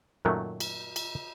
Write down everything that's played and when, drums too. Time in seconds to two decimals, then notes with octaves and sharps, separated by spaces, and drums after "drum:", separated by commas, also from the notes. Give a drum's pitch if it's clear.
0.25 F#2 A#2 D#3 F#3 A3
0.60 drum: cymbal
0.96 drum: cymbal